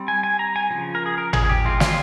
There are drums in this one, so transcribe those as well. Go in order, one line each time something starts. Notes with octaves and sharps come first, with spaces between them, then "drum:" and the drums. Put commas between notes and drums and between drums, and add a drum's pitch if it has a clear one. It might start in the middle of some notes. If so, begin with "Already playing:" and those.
Already playing: G3 C4
G#5
G#5
A#5
G#5
C#3 F3
A#4
G#4
A#4
G#4, drum: tom G#1
G4
F3 G#3 C4 F4
F4, drum: snare